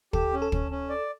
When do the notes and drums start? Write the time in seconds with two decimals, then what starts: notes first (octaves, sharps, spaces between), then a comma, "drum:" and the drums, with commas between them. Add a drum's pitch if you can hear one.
0.13 G4 A4, drum: kick
0.33 C#4
0.42 A4
0.52 C#4, drum: kick
0.71 C#4
0.89 D5